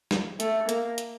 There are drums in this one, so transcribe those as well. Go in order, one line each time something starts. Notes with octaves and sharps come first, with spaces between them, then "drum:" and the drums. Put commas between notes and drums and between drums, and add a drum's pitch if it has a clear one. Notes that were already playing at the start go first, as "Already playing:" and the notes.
drum: snare
A3, drum: hi-hat
A#3, drum: hi-hat
drum: hi-hat